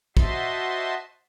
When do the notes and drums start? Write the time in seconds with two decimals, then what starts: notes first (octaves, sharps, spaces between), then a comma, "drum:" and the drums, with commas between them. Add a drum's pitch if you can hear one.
0.17 F#4 C5 D#5 E5 A5 C6, drum: kick